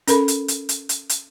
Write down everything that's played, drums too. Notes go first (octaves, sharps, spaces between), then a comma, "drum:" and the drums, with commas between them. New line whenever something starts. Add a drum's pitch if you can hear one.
C#4 A4 A#4 B5, drum: hi-hat
drum: hi-hat
drum: hi-hat
drum: hi-hat
drum: hi-hat
drum: hi-hat